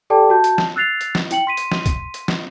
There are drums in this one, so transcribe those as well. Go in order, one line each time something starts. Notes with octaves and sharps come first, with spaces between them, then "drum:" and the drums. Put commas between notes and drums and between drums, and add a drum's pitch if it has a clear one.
G4 A4 D5 G5 A5 D6
F#4 A5 G6
drum: hi-hat
drum: snare
E6 F#6 A6 C7 F7
drum: hi-hat
drum: snare
E4 G5 C#7 F#7, drum: hi-hat
C6 B6 D#7
drum: hi-hat
drum: snare
drum: kick, hi-hat
drum: hi-hat
drum: snare